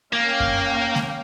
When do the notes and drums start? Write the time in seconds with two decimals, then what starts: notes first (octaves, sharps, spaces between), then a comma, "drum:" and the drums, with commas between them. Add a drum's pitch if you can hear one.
0.13 A#3 C#4 F5 G5
0.40 drum: kick F#2
0.95 drum: snare G#3